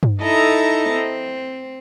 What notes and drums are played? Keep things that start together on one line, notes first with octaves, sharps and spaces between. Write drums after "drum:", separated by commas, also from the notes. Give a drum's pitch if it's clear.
drum: tom G2
D#4 E4 A4 D#5 A5 A#5
C4